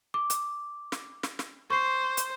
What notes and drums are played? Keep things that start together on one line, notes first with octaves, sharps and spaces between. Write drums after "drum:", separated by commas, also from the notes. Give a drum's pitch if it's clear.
D6
drum: hi-hat
drum: snare
drum: snare
drum: snare
C5 C#6 C7
drum: hi-hat